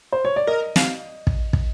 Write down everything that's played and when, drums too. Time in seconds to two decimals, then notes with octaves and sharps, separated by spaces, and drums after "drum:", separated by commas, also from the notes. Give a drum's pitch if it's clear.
0.12 C5
0.25 C#5
0.36 D5
0.47 A#4 D#5
0.76 F5, drum: snare
1.27 drum: kick
1.53 drum: kick